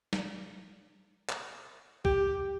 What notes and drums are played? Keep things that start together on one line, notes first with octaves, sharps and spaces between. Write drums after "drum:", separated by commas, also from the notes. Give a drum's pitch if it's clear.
drum: snare
drum: clap
G4, drum: kick